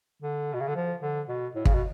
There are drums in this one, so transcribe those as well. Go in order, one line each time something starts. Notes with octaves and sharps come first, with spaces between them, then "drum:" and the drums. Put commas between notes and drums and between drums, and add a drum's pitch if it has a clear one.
D3
B2
C#3
D3
F3
D3
B2
A2
C#3, drum: kick
B2